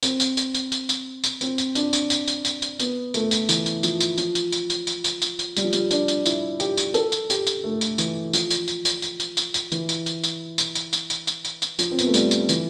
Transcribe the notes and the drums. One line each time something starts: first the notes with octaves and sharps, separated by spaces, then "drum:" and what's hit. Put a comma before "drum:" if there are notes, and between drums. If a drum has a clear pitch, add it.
C4, drum: tambourine
drum: tambourine
drum: tambourine
drum: tambourine
drum: tambourine
drum: tambourine
drum: tambourine
C4, drum: tambourine
drum: tambourine
D4, drum: tambourine
drum: tambourine
drum: tambourine
drum: tambourine
drum: tambourine
drum: tambourine
B3, drum: tambourine
A3, drum: tambourine
drum: tambourine
E3, drum: tambourine
drum: tambourine
F3, drum: tambourine
drum: tambourine
F3, drum: tambourine
drum: tambourine
drum: tambourine
drum: tambourine
drum: tambourine
drum: tambourine
drum: tambourine
drum: tambourine
G3, drum: tambourine
F3
G3, drum: tambourine
D4, drum: tambourine
drum: tambourine
E4, drum: tambourine
G4, drum: tambourine
drum: tambourine
A4, drum: tambourine
drum: tambourine
G4, drum: tambourine
drum: tambourine
A3
drum: tambourine
E3, drum: tambourine
F3, drum: tambourine
drum: tambourine
drum: tambourine
drum: tambourine
drum: tambourine
drum: tambourine
drum: tambourine
drum: tambourine
E3, drum: tambourine
drum: tambourine
drum: tambourine
drum: tambourine
drum: tambourine
drum: tambourine
drum: tambourine
drum: tambourine
drum: tambourine
drum: tambourine
drum: tambourine
F3, drum: tambourine
C4
B3, drum: tambourine
A3
G3, drum: tambourine
drum: tambourine
E3, drum: tambourine